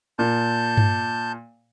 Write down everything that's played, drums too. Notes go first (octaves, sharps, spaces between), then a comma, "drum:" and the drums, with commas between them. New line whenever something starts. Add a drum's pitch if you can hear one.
A#2 A5 G6
drum: tom G2